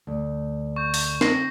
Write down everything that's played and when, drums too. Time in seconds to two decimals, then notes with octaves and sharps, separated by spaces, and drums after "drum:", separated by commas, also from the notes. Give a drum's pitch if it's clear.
0.07 D2
0.76 C#6 G6
0.94 drum: open hi-hat
1.21 C4 A#6 C7, drum: snare